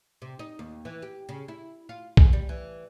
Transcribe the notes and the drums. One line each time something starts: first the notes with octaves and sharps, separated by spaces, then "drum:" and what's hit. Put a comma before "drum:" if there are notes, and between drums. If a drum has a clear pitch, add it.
C3
D#4
D#2
E3
G4
C#3
E4
F4
G#3, drum: kick B1
G3
E3